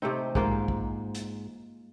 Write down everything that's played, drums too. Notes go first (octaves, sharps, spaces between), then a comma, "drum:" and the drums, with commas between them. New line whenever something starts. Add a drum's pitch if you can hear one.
C3 A3 C4 D#4
G#2 G#3 A#3 F4, drum: kick
drum: kick
drum: hi-hat